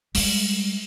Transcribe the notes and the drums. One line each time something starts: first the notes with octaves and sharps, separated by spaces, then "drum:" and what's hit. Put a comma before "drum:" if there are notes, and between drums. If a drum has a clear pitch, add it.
G3 G#3, drum: open hi-hat